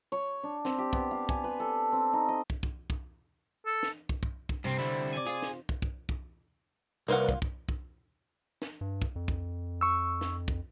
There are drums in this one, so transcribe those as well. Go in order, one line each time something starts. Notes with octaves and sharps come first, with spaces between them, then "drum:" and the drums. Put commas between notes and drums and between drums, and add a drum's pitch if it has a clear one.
C#5
D4
C4, drum: snare
G4
B3, drum: kick
F5
G#5, drum: kick
B4
A4
C4
D#4
D#5
drum: kick
drum: kick
drum: kick
A4
drum: snare
drum: kick
drum: kick
drum: kick
G2 C3 C4
D3 G3 E4
D5 G#5
F4 G#4
drum: snare
drum: kick
drum: kick
drum: kick
C2 A#3 F4 A#4 B4 F#5
drum: kick
drum: kick
drum: kick
drum: snare
G2
drum: kick
F2
drum: kick
C#6 E6
drum: snare
drum: kick